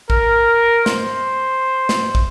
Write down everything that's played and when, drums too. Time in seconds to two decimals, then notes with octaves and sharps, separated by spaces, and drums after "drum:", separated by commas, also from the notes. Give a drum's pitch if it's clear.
0.10 A#4, drum: kick
0.86 C5, drum: snare
1.89 drum: snare
2.15 drum: kick